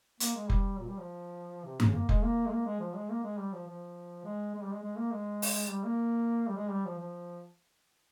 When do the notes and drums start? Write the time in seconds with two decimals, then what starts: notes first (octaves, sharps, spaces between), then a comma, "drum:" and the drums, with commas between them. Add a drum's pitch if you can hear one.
0.20 A#3, drum: hi-hat
0.35 G#3
0.50 G3, drum: kick F1
0.79 A#2
0.88 G3
0.98 F3
1.65 C3
1.80 C#3, drum: tom G2
1.94 A#3
2.09 G#3, drum: kick F1
2.23 A#3
2.46 G#3
2.51 A#3
2.65 G#3
2.80 F3
2.95 G#3
3.10 A#3
3.23 G#3
3.39 G3
3.53 F3
3.67 F3
4.24 G#3
4.54 G#3
4.63 G3
4.73 G#3
4.83 G#3
4.97 A#3
5.12 G#3
5.42 drum: open hi-hat
5.69 G3
5.84 A#3
6.48 G3
6.56 G#3
6.71 G3
6.85 F3
6.99 F3